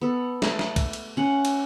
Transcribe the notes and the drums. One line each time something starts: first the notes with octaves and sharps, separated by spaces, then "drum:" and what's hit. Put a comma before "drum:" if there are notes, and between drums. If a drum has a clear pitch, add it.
B3 A4
A3, drum: snare
drum: snare
drum: kick, cymbal
drum: cymbal
C#4 F#5
drum: cymbal